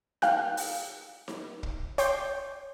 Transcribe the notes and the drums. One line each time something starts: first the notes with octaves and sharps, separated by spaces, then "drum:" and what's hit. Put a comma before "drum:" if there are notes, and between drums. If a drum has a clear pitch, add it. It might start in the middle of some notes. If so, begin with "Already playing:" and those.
F5 G5 F#6, drum: snare D#4
drum: open hi-hat
drum: snare D#4
drum: kick
C#5 G5 C6 D6 G6, drum: hi-hat